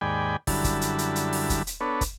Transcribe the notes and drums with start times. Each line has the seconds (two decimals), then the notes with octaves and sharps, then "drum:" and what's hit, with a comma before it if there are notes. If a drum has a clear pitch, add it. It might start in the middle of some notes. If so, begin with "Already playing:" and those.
0.01 D#2 G#2 D5 G5 G#5 B5
0.47 F#2 D3 G3 E4 A5 B5, drum: kick, open hi-hat
0.64 drum: kick, hi-hat
0.81 drum: hi-hat
0.98 drum: hi-hat
1.16 drum: hi-hat
1.33 drum: open hi-hat
1.50 drum: kick, hi-hat
1.67 drum: hi-hat
1.81 B3 D4 A4 B4 C#5
2.01 drum: kick, hi-hat